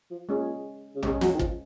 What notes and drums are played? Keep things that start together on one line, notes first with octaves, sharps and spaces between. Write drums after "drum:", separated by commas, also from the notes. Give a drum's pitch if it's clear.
F3
A#2 G#3 C#4 G#4
C#3
C3 G#3 C#4 G#4, drum: tom A#1
F#3, drum: snare
D#3
F3, drum: kick